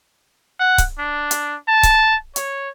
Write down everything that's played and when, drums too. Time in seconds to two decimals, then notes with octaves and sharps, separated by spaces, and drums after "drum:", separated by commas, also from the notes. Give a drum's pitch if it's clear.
0.59 F#5
0.78 drum: kick C#1, hi-hat
0.99 D4
1.31 drum: hi-hat
1.68 A5
1.83 drum: kick C#1, hi-hat
2.36 C#5, drum: hi-hat